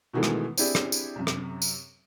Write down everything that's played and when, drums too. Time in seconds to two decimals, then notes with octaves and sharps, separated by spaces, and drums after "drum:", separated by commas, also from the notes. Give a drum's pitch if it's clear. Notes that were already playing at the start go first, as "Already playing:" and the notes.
0.13 B2 D#3 E3 F#3 G#3 A3
0.23 drum: rim click
0.58 C4 D4 E4 G4 G#4, drum: tambourine
0.75 drum: rim click
0.92 drum: tambourine
1.16 F#2 C3
1.27 drum: rim click
1.62 drum: tambourine